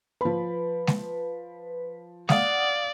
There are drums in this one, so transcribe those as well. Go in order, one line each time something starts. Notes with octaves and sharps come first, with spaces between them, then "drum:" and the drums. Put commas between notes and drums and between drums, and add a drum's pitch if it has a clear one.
F3 B4 B5
drum: snare G#3
D5 F5 F#5 D#6, drum: snare G#3